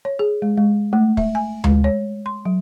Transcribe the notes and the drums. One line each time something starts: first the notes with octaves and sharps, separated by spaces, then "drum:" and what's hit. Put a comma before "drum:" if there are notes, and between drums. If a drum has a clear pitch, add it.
C#5
G#4
G#3
G#3
A3
E5, drum: kick
G#5
G#3, drum: tom D2
C#5
C6
F#3